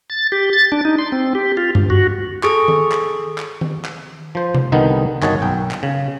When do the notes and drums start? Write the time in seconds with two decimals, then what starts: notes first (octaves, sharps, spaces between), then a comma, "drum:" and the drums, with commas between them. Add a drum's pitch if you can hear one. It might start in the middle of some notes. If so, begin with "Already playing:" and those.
0.10 A6
0.32 G4
0.53 A6
0.72 D4
0.85 D#4
0.98 C6
1.12 C4
1.35 G4
1.57 F4
1.75 G2, drum: tom F#2
1.90 F#4
2.43 G#4 A4 C#6, drum: clap
2.68 drum: tom D#3
2.91 drum: clap
3.38 drum: clap
3.61 drum: tom D#3
3.85 drum: clap
4.35 F3 C5
4.55 drum: tom C3
4.72 C2 D3 D#3 B3 D#4
5.22 G1 D#3 F#4 G#4 C#5 A5, drum: clap
5.42 B1 G5
5.71 drum: clap
5.83 C#3